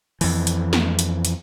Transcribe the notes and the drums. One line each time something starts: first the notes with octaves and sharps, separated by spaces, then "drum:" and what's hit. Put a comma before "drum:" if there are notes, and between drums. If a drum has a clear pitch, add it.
F2 E3, drum: open hi-hat
drum: hi-hat
drum: snare
drum: hi-hat
drum: hi-hat